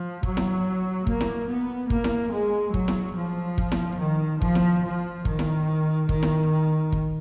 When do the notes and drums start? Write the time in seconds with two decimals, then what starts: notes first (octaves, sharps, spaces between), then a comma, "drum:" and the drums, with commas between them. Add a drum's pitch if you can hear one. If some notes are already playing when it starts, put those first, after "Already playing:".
Already playing: F3
0.23 F#3, drum: kick
0.37 drum: snare E4
1.07 A#3, drum: kick
1.21 drum: snare E4
1.48 B3
1.90 A#3, drum: kick
2.04 drum: snare E4
2.32 G#3
2.74 F#3, drum: kick
2.88 drum: snare E4
3.16 F3
3.58 drum: kick
3.72 drum: snare E4
4.00 D#3
4.41 F3, drum: kick
4.55 drum: snare E4
4.84 F3
5.25 D#3, drum: kick
5.39 drum: snare E4
6.09 D#3, drum: kick
6.23 drum: snare E4
6.92 drum: kick